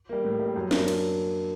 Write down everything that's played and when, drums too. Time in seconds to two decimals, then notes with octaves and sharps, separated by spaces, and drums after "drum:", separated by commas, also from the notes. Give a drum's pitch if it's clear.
0.09 G3 A#3
0.24 A2
0.39 G3 A#3
0.56 F#2
0.71 F#3 A#3 D4, drum: snare
0.88 drum: cymbal